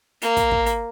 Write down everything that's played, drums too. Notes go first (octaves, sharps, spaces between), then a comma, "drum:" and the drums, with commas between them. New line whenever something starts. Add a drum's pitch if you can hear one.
A#3, drum: hi-hat
drum: kick, hi-hat
drum: kick
drum: hi-hat